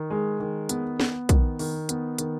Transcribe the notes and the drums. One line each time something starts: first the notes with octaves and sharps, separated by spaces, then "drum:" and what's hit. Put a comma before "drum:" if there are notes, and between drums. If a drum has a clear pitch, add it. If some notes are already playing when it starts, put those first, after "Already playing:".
Already playing: D#3
G#3
D#3
B3, drum: hi-hat
B3, drum: snare
D#3, drum: kick, hi-hat
D#3, drum: open hi-hat
B3, drum: hi-hat
D#3, drum: hi-hat